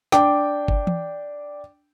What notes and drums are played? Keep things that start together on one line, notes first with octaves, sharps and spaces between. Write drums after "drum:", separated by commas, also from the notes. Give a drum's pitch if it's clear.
D4 G5 D6, drum: snare
drum: kick G1
drum: tom E3